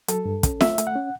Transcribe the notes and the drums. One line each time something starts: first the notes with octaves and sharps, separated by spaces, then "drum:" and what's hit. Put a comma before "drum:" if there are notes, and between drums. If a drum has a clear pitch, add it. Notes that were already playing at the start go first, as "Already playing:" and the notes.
F#3 A4, drum: hi-hat
G2
C#4, drum: kick, hi-hat
A3 E5, drum: snare
A3, drum: hi-hat
F#5
C#4